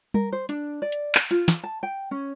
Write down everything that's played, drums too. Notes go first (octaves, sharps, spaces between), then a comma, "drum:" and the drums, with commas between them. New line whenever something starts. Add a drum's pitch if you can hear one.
A#4, drum: tom G3
C5
D4, drum: hi-hat
D5
drum: hi-hat
drum: clap
F4, drum: hi-hat
drum: snare
A5
G5
C#4